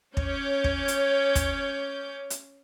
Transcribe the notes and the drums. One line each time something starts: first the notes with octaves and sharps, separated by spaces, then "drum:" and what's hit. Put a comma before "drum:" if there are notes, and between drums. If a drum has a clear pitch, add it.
C#4 C#5 D6 G6, drum: kick
drum: kick
drum: hi-hat
drum: kick, hi-hat
drum: hi-hat